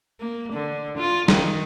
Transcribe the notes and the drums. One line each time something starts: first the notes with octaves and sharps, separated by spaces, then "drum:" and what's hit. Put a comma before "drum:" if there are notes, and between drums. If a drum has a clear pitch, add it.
A#3
D3
F4
D#3, drum: snare